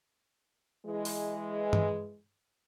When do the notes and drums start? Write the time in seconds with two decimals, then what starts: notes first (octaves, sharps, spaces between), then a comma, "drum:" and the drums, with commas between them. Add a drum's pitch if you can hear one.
0.86 E3 G#3
1.05 drum: open hi-hat
1.73 drum: tom G2